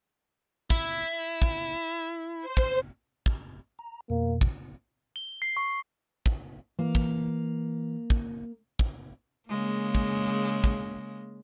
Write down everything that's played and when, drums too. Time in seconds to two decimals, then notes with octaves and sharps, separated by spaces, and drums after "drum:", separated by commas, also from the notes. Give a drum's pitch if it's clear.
0.70 E4, drum: kick
1.42 drum: kick
2.41 C5
2.57 drum: kick
3.26 drum: kick
3.79 A#5
4.10 F2 B2 A#3
4.41 drum: kick
5.16 G7
5.42 C7
5.57 C#6
6.26 drum: kick
6.79 E3 A#3
6.95 drum: kick
8.10 drum: kick
8.79 drum: kick
9.48 C#3 G#3 A#3
9.95 drum: kick
10.64 drum: kick